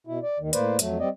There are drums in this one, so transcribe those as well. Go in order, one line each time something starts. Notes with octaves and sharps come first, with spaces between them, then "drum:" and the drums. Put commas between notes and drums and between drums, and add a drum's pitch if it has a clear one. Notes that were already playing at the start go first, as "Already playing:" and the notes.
B2 E4
D5
D#2 D#3
A2 A#3 B4 C5 D5, drum: hi-hat
F2 F#3 A3, drum: hi-hat
G3 C4 D5 D#5